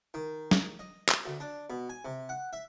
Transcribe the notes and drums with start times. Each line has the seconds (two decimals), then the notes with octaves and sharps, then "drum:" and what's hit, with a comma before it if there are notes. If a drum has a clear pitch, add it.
0.14 D#3
0.51 drum: snare
0.79 D#5
1.09 drum: clap
1.26 D2
1.40 D4
1.70 B2
1.89 G#5
2.05 C3
2.29 F#5
2.53 E5